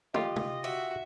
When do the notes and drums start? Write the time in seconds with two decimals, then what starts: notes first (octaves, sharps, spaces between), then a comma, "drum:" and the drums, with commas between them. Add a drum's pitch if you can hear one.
0.14 F4 G4 D#5, drum: tom
0.36 drum: tom
0.64 F#4 E5